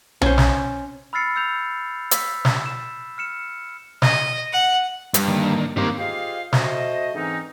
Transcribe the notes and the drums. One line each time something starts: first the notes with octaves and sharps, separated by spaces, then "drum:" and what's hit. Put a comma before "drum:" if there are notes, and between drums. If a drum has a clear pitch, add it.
C#4 C5, drum: tom B1
drum: snare
B5 E6 F6 A6 C7 C#7
E6 G6 F7
E6 B6, drum: hi-hat
drum: snare
E7
F6 C#7 E7
D#5, drum: snare
F#5
G2, drum: hi-hat
D3 D#3 A#3
G2 D#3 A#3 C4
F4 G4 G#4 C5 D#5 F5
A3 F#4 C5 D#5, drum: snare
G#2 D3 E3 C4 C#4 D#4